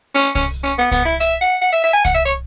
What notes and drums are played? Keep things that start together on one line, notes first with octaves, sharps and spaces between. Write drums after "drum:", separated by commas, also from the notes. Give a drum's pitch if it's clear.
C#4
C#4, drum: kick C2, open hi-hat
C#4
B3
B3, drum: kick C2, hi-hat
E4
E5, drum: hi-hat
F#5
F#5
E5
E5
G#5
F#5, drum: kick C2, hi-hat
E5
C#5